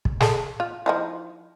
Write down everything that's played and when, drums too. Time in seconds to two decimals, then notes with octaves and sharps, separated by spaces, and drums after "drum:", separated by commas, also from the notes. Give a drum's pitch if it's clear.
0.05 drum: kick
0.21 G#4 A4, drum: snare
0.60 F4
0.86 F3 D#4 E4